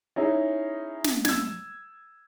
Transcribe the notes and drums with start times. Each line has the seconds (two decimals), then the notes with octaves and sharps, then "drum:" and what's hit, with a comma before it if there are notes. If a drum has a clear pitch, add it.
0.16 C#4 D#4 E4 G#4
1.04 drum: snare
1.25 E6 G#6, drum: snare